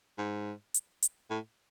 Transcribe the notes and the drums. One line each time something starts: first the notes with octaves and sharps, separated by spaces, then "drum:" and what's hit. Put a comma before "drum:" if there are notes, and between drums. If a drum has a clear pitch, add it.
G#2
drum: hi-hat
drum: hi-hat
A2